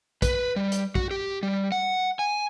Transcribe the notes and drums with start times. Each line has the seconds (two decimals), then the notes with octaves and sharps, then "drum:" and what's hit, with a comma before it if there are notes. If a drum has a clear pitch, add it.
0.22 B4, drum: kick, hi-hat
0.56 G3
0.72 drum: hi-hat
0.95 F#4, drum: kick
1.11 G4
1.43 G3
1.72 F#5
2.19 G#5